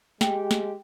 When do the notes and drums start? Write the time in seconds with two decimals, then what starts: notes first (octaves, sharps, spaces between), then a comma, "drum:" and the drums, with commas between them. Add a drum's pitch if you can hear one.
0.21 G#3 G4 G5, drum: snare
0.51 drum: snare